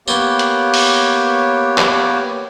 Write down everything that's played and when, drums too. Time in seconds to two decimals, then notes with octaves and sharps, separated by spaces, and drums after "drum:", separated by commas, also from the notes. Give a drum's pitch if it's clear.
0.07 A#3 B3 G4 C#5, drum: tambourine
0.39 drum: hi-hat
0.74 drum: open hi-hat
1.78 drum: clap